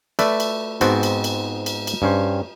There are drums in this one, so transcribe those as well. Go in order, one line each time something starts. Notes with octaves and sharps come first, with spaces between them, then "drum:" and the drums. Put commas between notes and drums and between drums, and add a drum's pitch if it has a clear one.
A3 B4 D5 E5, drum: cymbal
drum: cymbal
G#2 B3 C4 F#4 G5 A5, drum: cymbal
drum: cymbal
drum: cymbal
drum: cymbal
drum: cymbal
G2 C#4 C5